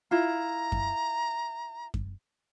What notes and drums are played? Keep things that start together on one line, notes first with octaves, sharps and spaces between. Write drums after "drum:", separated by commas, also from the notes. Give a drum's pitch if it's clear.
E4 F4 A#5
drum: kick F#2
drum: kick F#2